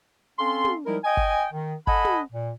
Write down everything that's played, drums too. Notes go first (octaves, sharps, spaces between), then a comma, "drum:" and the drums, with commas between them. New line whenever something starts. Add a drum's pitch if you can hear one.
C4 C#4 A4 F5 C6
drum: tom
F3 G3 G#3 D#4 E4 A#4
D#5 G5 G#5
drum: kick G1
D#3
A4 D#5 F#5 G#5 A5 B5, drum: kick G1
drum: tom
A#2